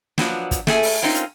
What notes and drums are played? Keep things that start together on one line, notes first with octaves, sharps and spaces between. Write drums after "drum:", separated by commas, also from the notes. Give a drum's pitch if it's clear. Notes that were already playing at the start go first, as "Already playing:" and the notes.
F3 F#3 B3 D4, drum: snare
drum: kick, hi-hat
A3 G#4 G#5, drum: snare
drum: open hi-hat
A#3 C4 C#4 D#4 F4
drum: hi-hat